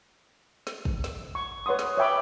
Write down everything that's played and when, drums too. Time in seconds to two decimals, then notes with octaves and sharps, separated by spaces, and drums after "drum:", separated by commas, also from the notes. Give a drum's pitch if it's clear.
0.67 drum: snare
0.85 drum: kick
1.04 drum: snare
1.35 C#6
1.66 B4 C#5 F#5 C6 D#6
1.79 drum: snare
1.97 C#5 E5 G5 B5 D6